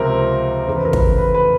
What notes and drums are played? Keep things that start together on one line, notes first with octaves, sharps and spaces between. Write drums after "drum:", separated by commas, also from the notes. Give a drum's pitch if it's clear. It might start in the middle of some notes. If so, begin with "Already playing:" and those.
Already playing: C#2 C3 F3 A#4
F1 E2 C#3 C5
B4
A#4
B4, drum: kick
B4
B4